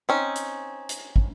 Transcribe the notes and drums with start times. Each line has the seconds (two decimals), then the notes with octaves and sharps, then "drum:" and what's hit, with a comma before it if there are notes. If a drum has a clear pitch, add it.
0.09 C4 C#4 D#4
0.35 drum: hi-hat
0.89 drum: hi-hat
1.16 drum: kick